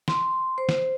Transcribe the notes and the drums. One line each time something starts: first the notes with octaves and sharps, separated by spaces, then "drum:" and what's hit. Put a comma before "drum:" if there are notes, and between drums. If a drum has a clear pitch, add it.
C6, drum: snare
C5
drum: snare